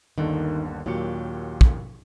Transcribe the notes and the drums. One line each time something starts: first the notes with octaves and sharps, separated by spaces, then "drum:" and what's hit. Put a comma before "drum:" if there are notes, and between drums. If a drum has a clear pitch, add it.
G1 D#2 D3 D#3
D#2 A#2 F#3 G4 C#7
drum: kick